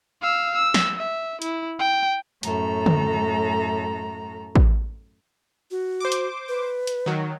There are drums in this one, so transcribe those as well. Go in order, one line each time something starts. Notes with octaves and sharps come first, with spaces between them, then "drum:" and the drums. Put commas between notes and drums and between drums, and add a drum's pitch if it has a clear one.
F5 E6
E6
drum: snare
E5
E4, drum: hi-hat
G5
F#2 A2 A4 A#5, drum: hi-hat
drum: tom D3
drum: kick A1
F#4
C5 D6
drum: hi-hat
B4
drum: hi-hat
D#3 F#3